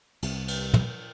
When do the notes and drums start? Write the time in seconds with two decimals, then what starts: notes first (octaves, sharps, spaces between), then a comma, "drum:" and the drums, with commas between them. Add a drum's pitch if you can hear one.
0.22 C2 C3, drum: cymbal
0.48 drum: cymbal
0.74 drum: tom